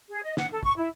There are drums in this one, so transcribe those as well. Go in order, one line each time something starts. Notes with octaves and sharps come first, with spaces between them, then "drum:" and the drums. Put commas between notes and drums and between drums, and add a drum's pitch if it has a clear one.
G#4
D#5
F#5, drum: snare
A4
C#6, drum: kick
E4